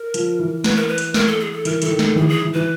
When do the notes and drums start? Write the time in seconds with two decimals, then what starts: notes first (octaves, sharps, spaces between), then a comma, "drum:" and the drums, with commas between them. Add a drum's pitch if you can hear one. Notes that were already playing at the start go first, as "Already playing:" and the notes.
Already playing: A#4
0.14 F3, drum: hi-hat
0.39 E3
0.64 B4, drum: snare
0.76 A#4
0.88 B4
0.98 drum: hi-hat
1.14 A#4, drum: snare
1.27 A4
1.40 G#4
1.52 A4
1.65 E3 A#4, drum: hi-hat
1.82 E3 A4, drum: hi-hat
1.91 D#3
1.99 A4, drum: snare
2.07 D#3
2.16 E3 G#4, drum: tom D3
2.29 G#4
2.42 E3
2.54 E3 B4